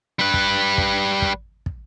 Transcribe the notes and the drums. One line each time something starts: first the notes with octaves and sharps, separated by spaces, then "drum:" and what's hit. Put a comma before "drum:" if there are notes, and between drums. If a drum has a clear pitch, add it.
G3 B4
drum: kick
drum: kick
drum: kick
drum: kick